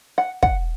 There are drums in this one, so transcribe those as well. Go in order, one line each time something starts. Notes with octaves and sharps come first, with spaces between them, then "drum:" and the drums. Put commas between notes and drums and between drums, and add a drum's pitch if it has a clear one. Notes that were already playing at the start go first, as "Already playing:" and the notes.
F#5
F#5, drum: kick